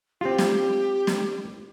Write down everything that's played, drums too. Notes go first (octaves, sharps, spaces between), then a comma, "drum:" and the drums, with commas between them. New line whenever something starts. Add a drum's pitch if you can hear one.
C4 F4 G4
drum: snare
drum: snare